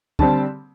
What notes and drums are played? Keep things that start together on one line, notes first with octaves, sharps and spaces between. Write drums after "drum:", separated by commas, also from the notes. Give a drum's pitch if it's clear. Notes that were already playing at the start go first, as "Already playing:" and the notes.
D3 G3 C4 A5, drum: kick